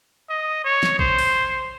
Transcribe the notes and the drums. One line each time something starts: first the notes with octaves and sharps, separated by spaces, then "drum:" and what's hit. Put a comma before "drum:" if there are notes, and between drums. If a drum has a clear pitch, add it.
D#5
C#5
drum: snare
C5, drum: kick A#1
drum: open hi-hat